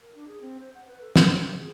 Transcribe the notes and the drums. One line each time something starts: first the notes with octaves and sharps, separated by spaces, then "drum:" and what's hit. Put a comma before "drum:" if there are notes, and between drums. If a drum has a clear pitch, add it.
A#4
D4
G#4
C4
C5
F#5
B4
A4
G#5, drum: snare
C5
C4
G#4